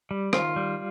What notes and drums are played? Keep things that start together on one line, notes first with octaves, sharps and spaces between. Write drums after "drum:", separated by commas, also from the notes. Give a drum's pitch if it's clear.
G3
D#3 F4, drum: rim click
G3